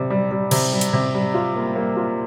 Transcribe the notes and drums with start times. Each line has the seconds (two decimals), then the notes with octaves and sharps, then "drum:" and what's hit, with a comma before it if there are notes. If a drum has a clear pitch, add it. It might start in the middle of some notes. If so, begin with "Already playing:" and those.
Already playing: C3 G3
0.10 G3
0.31 G3
0.51 C3, drum: cymbal
0.72 G3
0.81 drum: hi-hat
0.93 C3
1.14 G3
1.34 F4
1.55 A#3
1.76 A#3
1.96 F4